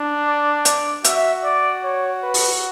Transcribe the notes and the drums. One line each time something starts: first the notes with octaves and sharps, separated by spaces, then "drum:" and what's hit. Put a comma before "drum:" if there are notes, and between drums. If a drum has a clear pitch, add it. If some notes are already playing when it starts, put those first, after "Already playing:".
Already playing: D4
D5
D5, drum: hi-hat
F#4 E5, drum: hi-hat
D5
C#5
B4
drum: open hi-hat